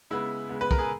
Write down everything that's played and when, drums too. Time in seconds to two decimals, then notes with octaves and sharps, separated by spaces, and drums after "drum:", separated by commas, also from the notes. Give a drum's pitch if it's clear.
0.10 C#3 G#3 B3 E4
0.49 C#3 G#3 B3
0.61 B4
0.71 A#4, drum: kick
0.79 G#4